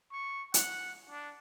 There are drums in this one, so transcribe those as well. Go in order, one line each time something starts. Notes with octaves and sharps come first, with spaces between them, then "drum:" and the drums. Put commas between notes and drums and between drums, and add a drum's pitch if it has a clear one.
C#6
F#5, drum: hi-hat
D4